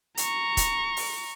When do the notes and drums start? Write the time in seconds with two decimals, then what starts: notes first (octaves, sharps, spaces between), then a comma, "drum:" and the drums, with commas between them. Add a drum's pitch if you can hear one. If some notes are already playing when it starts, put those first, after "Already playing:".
0.17 A#5 C#6, drum: hi-hat
0.57 drum: kick, hi-hat
0.97 drum: open hi-hat